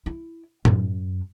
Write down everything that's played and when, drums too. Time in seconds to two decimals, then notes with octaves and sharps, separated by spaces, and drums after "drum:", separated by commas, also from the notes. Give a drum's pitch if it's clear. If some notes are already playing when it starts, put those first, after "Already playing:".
0.06 E4
0.65 F#2, drum: tom A2